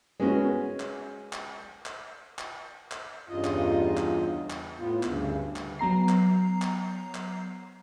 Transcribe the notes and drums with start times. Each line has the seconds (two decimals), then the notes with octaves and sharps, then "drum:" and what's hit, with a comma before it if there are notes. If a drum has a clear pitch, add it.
0.20 G#3 B3 C#4 F#4
0.80 drum: clap
1.33 drum: clap
1.86 drum: clap
2.39 drum: clap
2.92 drum: clap
3.29 E2 G2 C#3 D#4 F4 D#5
3.44 drum: clap
3.97 drum: clap
4.50 drum: clap
4.78 A2 B3 F4
5.03 D2 G2 C#3, drum: clap
5.56 drum: clap
5.79 F#3 B3 A#5 C7
6.09 drum: clap
6.62 drum: clap
7.15 drum: clap